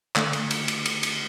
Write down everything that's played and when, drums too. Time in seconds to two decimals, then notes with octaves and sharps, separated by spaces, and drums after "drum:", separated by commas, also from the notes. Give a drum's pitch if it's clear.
0.16 D3 A3, drum: clap
0.33 drum: cymbal
0.51 drum: cymbal
0.68 drum: cymbal
0.86 drum: cymbal
1.03 drum: cymbal